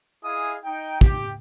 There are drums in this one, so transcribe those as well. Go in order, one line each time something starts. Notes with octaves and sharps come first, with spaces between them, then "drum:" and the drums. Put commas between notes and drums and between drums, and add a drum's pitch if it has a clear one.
E4 G#4 D#5 F5 G#5 D#6
D#4 G5
G4, drum: kick